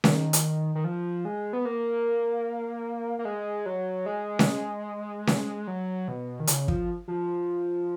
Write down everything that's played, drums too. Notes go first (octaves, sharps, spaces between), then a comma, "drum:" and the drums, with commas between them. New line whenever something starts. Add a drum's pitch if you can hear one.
D#3, drum: snare C#4
drum: hi-hat
D#3
F3
G#3
B3
A#3
A#3
G#3
F#3
G#3
drum: snare C#4
drum: snare C#4
F#3
B2
D#3
C#3, drum: hi-hat
F3, drum: kick
F3